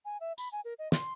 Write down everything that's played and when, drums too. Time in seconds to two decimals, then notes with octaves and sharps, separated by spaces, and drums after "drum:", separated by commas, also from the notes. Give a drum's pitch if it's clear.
0.05 G#5
0.20 E5
0.38 B5, drum: tambourine
0.52 G#5
0.65 A#4
0.79 D#5
0.92 C6, drum: snare